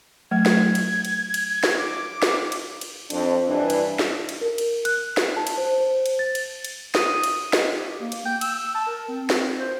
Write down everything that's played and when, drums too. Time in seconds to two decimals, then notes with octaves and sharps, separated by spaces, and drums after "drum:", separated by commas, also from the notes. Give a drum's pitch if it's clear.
0.31 F#3 A3 G#6
0.46 drum: snare
0.75 drum: cymbal
1.05 drum: cymbal
1.34 drum: cymbal
1.64 drum: snare
1.78 D6
2.22 drum: snare
2.52 drum: cymbal
2.81 drum: cymbal
3.10 F2 D4, drum: cymbal
3.47 G2 E3 D4
3.70 drum: cymbal
3.99 drum: snare
4.29 drum: cymbal
4.41 A#4
4.58 drum: cymbal
4.85 F#6, drum: cymbal
5.17 drum: snare
5.36 A5
5.47 drum: cymbal
5.57 C5
5.80 C5
6.06 drum: cymbal
6.19 A6
6.35 drum: cymbal
6.65 drum: cymbal
6.95 D#6, drum: snare
7.23 drum: cymbal
7.53 D#5, drum: snare
7.77 G4
8.00 A#3
8.12 drum: cymbal
8.25 G5
8.41 E6, drum: cymbal
8.75 A5
8.87 A#4
9.09 C4
9.30 drum: snare
9.60 C5